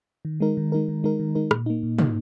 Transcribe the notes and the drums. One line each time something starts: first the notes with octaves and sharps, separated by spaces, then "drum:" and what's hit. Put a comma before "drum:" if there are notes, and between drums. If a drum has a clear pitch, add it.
D#3
G#3 D#4 A#4
D#3
G#3 D#4 A#4
D#3
G#3 D#4 A#4
D#3
G#3 D#4 A#4
A#2, drum: rim click
A#3 D#4
A#2
A#3 D#4, drum: tom